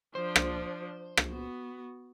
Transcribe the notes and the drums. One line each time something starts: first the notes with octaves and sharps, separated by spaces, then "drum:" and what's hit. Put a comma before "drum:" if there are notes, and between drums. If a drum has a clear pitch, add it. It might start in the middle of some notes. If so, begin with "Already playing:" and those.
F3 D4 C5
drum: rim click
drum: rim click
B3 F#4